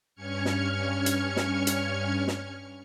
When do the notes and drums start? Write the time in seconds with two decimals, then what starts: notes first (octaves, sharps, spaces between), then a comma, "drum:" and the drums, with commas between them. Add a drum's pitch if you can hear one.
0.15 G2 C#4 F6 G#6 C#7
0.45 drum: snare
1.06 drum: hi-hat
1.36 drum: snare
1.67 drum: hi-hat
2.28 drum: snare